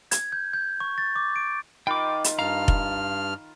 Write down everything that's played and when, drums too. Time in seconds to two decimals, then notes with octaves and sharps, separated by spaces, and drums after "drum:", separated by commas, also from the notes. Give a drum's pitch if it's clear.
0.11 G#6, drum: hi-hat
0.32 G6
0.53 G6
0.80 C#6
0.98 A6
1.16 D6
1.36 D7
1.87 D#3 F4 G5 B5 D6
2.24 drum: hi-hat
2.39 G2 F5 A#5 F6
2.68 drum: kick F1